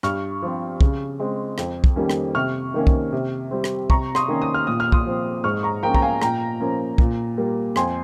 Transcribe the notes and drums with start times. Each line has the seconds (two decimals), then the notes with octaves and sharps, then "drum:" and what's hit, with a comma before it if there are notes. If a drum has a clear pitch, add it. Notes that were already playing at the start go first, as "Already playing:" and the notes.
0.03 G2 C#6 F6, drum: rim click
0.42 F3 C4
0.81 C#3, drum: kick
1.19 G#3 C4
1.58 F2, drum: rim click
1.84 drum: kick
1.96 D#3 G3 A#3 C#4
2.10 drum: rim click
2.35 C3 C#6 F6
2.74 D#3 A#3 C#4
2.87 drum: kick
3.13 C3
3.51 G3 C4
3.64 drum: rim click
3.90 C3 A#5 C#6, drum: kick
4.15 C6 D#6, drum: rim click
4.28 D#3 A#3 C#4
4.42 D#6
4.54 F6
4.67 A#2 D#6
4.80 F6
4.92 C6 D#6, drum: kick
5.06 F3 C4
5.44 G#2 C#6 F6
5.63 A#5 C#6
5.83 F3 A#3 C#4 G5 A#5
5.95 A#5, drum: kick
6.02 F5 G#5
6.22 A#2 G5 A#5, drum: rim click
6.60 F3 A#3 C#4
6.98 A#2, drum: kick
7.38 G3 A#3
7.76 F2 G#5 C6, drum: rim click